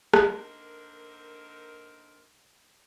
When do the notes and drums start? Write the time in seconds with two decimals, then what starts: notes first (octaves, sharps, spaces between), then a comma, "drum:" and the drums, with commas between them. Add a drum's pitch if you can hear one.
0.14 D3 A#3 C4 D#4 A#4, drum: rim click